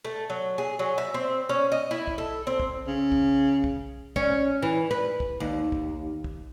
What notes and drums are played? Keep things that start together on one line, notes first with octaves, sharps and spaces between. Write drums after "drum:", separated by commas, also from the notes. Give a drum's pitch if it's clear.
A3
F#3
G#4
F#3
E5
C4
C#4
D#5
E4
drum: kick
A4
C4
drum: kick
C#3
drum: kick
drum: kick
C#4, drum: kick
E3
B4
drum: kick
D#2
drum: kick
drum: kick